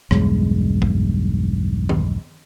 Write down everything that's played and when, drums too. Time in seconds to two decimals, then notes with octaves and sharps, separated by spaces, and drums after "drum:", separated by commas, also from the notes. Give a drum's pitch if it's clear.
0.11 B1 E2 G2 G#3, drum: rim click
0.82 drum: kick A#1
1.89 drum: tom D#3